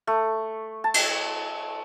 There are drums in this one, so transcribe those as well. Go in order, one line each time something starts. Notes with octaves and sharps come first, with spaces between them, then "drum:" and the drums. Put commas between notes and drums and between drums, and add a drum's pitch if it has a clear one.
A3
A5
drum: cymbal